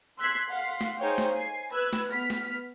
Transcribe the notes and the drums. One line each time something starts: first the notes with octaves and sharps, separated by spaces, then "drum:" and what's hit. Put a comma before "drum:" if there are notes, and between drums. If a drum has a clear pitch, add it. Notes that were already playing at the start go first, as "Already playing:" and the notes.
C6 E6 F#6 G#6 B6 C7
F5 F#5 C6 B6 C7
drum: snare A3
D#4 G#4 C5 C#5 F5 G5
drum: snare A3
G#5 C7
B4 E6 F#6 G#6
drum: snare A3
B3 F6 B6
drum: snare A3